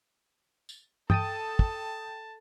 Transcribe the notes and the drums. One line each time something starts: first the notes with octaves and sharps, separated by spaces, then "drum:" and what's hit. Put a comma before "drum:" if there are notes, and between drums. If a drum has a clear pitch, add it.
drum: tambourine
A4 G5 A5 D#6 A6 D#7, drum: tom
drum: kick